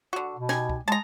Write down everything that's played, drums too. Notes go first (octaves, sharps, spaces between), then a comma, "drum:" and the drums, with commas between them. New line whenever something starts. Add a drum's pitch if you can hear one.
D3 F#4
B2
G3 D#4 G#5, drum: snare
drum: kick
G#3 A5 A#5